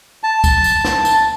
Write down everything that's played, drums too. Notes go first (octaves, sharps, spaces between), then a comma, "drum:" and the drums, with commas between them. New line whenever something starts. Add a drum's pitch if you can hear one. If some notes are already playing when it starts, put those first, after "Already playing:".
A5
drum: kick, tambourine
drum: tambourine
drum: snare
drum: tambourine